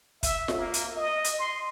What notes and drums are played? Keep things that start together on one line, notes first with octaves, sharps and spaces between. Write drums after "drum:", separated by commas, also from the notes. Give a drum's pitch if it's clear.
E5, drum: kick, hi-hat
drum: snare F4
A#3
drum: hi-hat
D#5
drum: hi-hat
C6